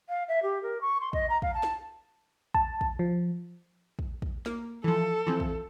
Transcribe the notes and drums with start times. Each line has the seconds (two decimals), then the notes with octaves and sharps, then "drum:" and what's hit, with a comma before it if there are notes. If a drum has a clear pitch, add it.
0.09 F5
0.28 E5
0.43 G4
0.63 A#4
0.81 C#6
1.01 C6
1.13 D#5, drum: kick
1.29 A#5
1.42 F5, drum: kick
1.54 A5
1.63 drum: snare
2.54 A5, drum: kick
2.81 drum: kick
2.99 F3
3.99 drum: kick
4.22 drum: kick
4.46 A#3, drum: snare
4.84 E3 F3 A4
5.27 E3 F3 C4
5.40 drum: kick